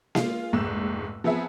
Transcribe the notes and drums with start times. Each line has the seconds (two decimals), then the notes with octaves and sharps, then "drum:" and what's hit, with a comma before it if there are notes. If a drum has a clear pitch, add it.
0.15 G#3 F4 C7, drum: snare A#3
0.53 F1 A#1 G#2 E6 F#6 E7
1.24 F3 B3 C4 G#4 E5 A5